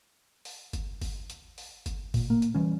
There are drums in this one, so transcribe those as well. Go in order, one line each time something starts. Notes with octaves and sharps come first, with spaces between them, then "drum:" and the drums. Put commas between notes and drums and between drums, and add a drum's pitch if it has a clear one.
drum: open hi-hat
drum: kick G1, hi-hat
drum: kick G1, open hi-hat
drum: hi-hat
drum: open hi-hat
drum: kick G1, hi-hat
A#2, drum: kick G1, open hi-hat
A#3
drum: hi-hat
E3 G3 C#4